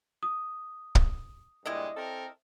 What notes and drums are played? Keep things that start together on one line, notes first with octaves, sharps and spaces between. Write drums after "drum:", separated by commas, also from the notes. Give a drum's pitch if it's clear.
D#6
drum: kick
G2 A#2 G#3 E4 D5 D#5
C4 A4 A#4